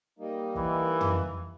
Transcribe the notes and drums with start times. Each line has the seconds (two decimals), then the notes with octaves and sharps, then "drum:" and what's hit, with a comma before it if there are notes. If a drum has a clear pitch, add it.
0.19 G3 A#3 D#4
0.56 E3, drum: kick
1.01 drum: tom